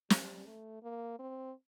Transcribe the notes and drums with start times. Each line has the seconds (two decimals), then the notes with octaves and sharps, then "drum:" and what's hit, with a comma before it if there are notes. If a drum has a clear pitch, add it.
0.10 G3, drum: snare
0.46 A3
0.83 A#3
1.19 C4